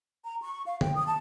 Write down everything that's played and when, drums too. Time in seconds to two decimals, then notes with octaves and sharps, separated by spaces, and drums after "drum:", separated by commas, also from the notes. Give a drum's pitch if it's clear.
0.24 A#5
0.42 C#6
0.66 F5
0.81 G5, drum: tom
0.95 D#6
1.07 A5